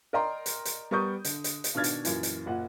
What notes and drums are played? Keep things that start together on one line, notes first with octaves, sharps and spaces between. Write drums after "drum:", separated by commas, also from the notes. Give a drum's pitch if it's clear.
A#4 D5 D#5 G5 A#5 C6
drum: hi-hat
drum: hi-hat
G3 B3 A#4 C#6 D#6 G6
D3, drum: hi-hat
drum: hi-hat
drum: hi-hat
B2 D#3 D4 F6 G#6 A6
drum: hi-hat
F#2 A#2 E3, drum: hi-hat
drum: hi-hat
F#1 A#2 F#5